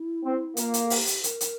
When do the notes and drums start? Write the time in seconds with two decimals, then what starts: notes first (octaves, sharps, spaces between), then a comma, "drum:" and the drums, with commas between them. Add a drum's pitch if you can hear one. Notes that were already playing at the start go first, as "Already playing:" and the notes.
Already playing: E4
0.23 C4
0.57 A#3 F4, drum: hi-hat
0.74 drum: hi-hat
0.84 A4
0.90 G4, drum: open hi-hat
1.07 drum: hi-hat
1.24 A#4, drum: hi-hat
1.41 drum: hi-hat